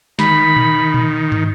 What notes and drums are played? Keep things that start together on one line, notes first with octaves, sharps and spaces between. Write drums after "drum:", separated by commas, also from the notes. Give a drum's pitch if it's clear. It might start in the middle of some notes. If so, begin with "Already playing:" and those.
D#3 B5, drum: snare
drum: tom A#2
drum: tom A#2
drum: tom